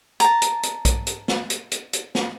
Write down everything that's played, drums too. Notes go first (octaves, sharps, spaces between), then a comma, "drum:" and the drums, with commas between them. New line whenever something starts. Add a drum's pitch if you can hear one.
A5 A#5, drum: hi-hat
drum: hi-hat
drum: hi-hat
drum: kick A#1, hi-hat
drum: hi-hat
drum: snare
drum: hi-hat
drum: hi-hat
drum: hi-hat
drum: snare